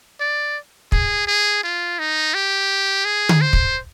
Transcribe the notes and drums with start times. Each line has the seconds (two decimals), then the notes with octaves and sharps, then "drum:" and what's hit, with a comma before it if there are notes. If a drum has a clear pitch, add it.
0.20 D5
0.92 G#4, drum: kick
1.27 G#4
1.63 F4
1.99 D#4
2.34 G4
3.05 G#4
3.29 drum: tom D3
3.41 C5
3.53 drum: kick